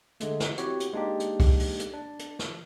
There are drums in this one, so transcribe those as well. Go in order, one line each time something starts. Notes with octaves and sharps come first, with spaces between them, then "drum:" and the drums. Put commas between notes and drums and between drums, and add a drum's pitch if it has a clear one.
D3 G#3 A3, drum: hi-hat
drum: snare
C4 E4 F#4 G4 C#5, drum: hi-hat
drum: hi-hat
G#3 A#3 D4 D#4 G4
drum: hi-hat
drum: kick C2, open hi-hat
drum: open hi-hat
drum: hi-hat
D4
drum: hi-hat
drum: snare